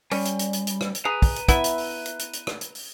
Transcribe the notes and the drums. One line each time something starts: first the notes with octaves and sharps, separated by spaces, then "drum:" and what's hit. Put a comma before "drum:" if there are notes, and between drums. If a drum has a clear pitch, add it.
G3 C#4, drum: open hi-hat
drum: hi-hat
drum: hi-hat
drum: hi-hat
drum: hi-hat
drum: rim click
drum: hi-hat
G#4 B4 A#5
drum: kick, open hi-hat
drum: hi-hat
B3 E4 E5, drum: kick, hi-hat
drum: hi-hat
drum: open hi-hat
drum: hi-hat
drum: hi-hat
drum: hi-hat
drum: rim click
drum: hi-hat
drum: open hi-hat